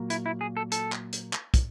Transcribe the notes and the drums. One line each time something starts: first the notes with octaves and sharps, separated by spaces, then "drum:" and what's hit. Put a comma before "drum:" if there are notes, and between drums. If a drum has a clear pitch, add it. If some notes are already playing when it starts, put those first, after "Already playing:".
Already playing: A#2 F#3 A#3
E4, drum: hi-hat
E4
G#4
A4
A4, drum: hi-hat
drum: clap
drum: hi-hat
drum: clap
drum: kick, hi-hat